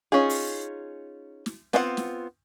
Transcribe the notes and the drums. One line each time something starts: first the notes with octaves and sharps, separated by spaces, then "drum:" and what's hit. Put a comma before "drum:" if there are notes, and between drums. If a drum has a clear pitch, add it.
C#4 D#4 F4 G#4
drum: open hi-hat
drum: snare
B3 C4 F4 E5 F#5, drum: snare
drum: snare